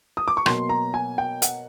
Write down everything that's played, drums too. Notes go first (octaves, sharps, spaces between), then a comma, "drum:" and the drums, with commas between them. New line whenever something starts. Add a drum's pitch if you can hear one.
D#6
D6
C#6
B2 F#3 A#3 C6, drum: rim click
A#5
G#5
G5
F#5, drum: hi-hat